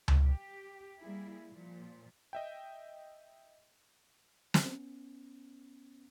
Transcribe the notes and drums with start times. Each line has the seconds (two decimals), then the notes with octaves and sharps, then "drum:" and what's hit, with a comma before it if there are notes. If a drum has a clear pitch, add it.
0.08 drum: tom C#2
0.24 G4
1.01 G3 A#3 E4 G#4
1.52 A#2 F3
2.33 D#5 E5 G5
4.54 B3 C#4, drum: snare